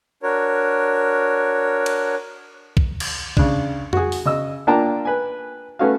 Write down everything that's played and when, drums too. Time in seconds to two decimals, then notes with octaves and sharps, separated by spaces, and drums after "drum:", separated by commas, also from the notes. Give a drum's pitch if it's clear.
0.23 D4 F#4 A#4 C#5
1.86 drum: cymbal
2.77 drum: kick B1
3.00 drum: cymbal
3.37 C#3 D4, drum: kick B1
3.93 F#4 G#4, drum: tom F2
4.12 drum: open hi-hat
4.25 C#3 D#5 E6
4.67 A#3 D4 F4 G5 A5 A#5
5.05 B4 G#5
5.79 A3 B3 C#4 F#4 A4 F5